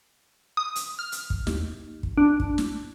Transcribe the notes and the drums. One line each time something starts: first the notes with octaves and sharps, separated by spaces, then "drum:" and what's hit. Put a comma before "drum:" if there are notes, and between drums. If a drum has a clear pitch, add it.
D#6
drum: hi-hat
F6
drum: hi-hat
drum: kick
D#2, drum: snare
drum: kick
D4
drum: kick
drum: snare